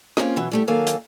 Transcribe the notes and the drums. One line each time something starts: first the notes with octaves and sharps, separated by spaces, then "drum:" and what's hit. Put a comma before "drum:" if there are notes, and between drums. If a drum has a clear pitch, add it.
A#3 C4 C#4 F4, drum: rim click
B2 E3 F#3
G3 A3 G4
D#3 F#3 A#3 A4 F5 G#5
drum: hi-hat